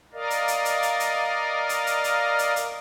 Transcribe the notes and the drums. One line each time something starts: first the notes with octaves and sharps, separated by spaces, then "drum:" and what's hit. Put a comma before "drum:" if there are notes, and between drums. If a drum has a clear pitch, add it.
A#4 D5 D#5 F5
drum: hi-hat
drum: hi-hat
drum: hi-hat
drum: hi-hat
drum: hi-hat
drum: hi-hat
drum: hi-hat
drum: hi-hat
drum: hi-hat
drum: hi-hat